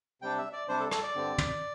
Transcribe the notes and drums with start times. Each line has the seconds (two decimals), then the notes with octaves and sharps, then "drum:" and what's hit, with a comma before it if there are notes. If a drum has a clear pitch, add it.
0.22 C3 G3 D4 G5
0.38 E5
0.53 D5
0.68 C3 G3 D4 C5
0.80 A4
0.91 A4, drum: rim click
1.03 D5
1.15 G2 D3 C4
1.38 drum: tom